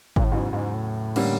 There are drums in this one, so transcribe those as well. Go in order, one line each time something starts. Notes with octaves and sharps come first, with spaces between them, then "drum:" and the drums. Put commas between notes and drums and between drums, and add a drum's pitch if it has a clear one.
A#2, drum: kick G#1
A2
E2 G#2 C#3 F#3
G#2
A2
D3 G3 A#3 C#4, drum: cymbal